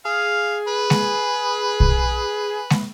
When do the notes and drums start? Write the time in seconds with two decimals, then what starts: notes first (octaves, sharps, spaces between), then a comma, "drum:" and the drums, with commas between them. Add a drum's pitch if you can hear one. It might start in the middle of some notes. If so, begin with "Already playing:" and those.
0.05 G#4 F5
0.68 B4
0.90 drum: snare G#3
1.80 drum: kick
2.70 drum: snare G#3